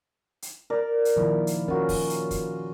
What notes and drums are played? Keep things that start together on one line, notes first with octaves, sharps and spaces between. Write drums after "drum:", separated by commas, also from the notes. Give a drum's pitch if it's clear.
drum: hi-hat
A#4 D5
drum: hi-hat
A#2 D#3 F3 E4
drum: hi-hat
C#4 F4 F#4 A#4
drum: kick, open hi-hat
drum: hi-hat
drum: kick, hi-hat